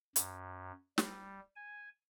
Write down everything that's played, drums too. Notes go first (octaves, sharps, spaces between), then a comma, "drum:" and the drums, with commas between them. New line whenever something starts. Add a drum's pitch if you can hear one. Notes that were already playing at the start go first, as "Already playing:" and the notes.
F#2, drum: hi-hat
G3, drum: snare
G#5